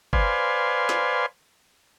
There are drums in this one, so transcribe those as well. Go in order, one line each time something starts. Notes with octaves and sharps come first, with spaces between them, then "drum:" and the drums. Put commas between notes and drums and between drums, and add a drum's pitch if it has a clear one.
B4 C5 D5 F5 G#5 C6, drum: kick G1
drum: snare